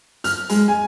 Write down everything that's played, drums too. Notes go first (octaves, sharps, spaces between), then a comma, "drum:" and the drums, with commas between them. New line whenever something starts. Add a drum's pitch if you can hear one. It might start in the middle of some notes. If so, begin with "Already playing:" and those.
F6, drum: hi-hat
G#3, drum: hi-hat
G#5